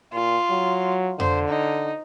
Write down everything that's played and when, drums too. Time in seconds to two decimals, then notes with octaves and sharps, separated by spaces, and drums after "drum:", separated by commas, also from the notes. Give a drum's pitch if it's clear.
0.13 A#2 F4
0.51 F#3
1.20 D3 C5, drum: tom F2
1.49 D#4